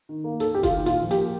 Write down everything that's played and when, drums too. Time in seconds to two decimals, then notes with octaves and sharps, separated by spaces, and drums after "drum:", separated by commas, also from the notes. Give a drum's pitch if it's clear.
0.09 D#3
0.24 A#3
0.40 D#2 A4, drum: hi-hat
0.55 D#2 G4
0.63 F4, drum: kick F#1, hi-hat
0.71 D#3
0.86 A#2 F4, drum: hi-hat
1.02 F3
1.11 G4, drum: hi-hat
1.17 A#3